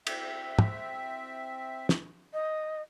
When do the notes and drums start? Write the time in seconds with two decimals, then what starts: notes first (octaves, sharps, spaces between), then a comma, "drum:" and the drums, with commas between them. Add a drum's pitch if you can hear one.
0.07 C4 E5, drum: cymbal
0.59 drum: tom
1.89 drum: snare
2.33 D#5